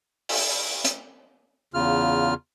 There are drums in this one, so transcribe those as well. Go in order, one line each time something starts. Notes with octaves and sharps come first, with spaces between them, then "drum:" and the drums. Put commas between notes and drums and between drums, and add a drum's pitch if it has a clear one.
drum: open hi-hat
drum: hi-hat
E2 C#3 F4 F6